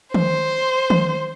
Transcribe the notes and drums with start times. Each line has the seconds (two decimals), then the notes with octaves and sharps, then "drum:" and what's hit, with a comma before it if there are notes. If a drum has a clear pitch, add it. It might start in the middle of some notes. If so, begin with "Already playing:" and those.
0.14 C5, drum: tom D#3
0.90 drum: tom D#3